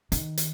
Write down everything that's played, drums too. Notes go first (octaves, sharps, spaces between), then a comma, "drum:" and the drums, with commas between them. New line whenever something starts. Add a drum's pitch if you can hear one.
D#3, drum: hi-hat
drum: hi-hat